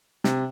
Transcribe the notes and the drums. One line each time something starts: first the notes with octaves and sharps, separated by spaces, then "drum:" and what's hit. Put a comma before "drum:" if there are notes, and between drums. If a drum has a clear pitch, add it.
C3, drum: snare